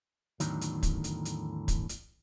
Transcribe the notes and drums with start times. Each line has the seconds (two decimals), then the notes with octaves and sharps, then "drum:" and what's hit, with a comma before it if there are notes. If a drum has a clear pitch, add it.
0.40 E2 A2 D3 D#3 F#3, drum: hi-hat
0.61 drum: hi-hat
0.83 drum: kick, hi-hat
1.04 drum: hi-hat
1.25 drum: hi-hat
1.68 drum: kick, hi-hat
1.89 drum: hi-hat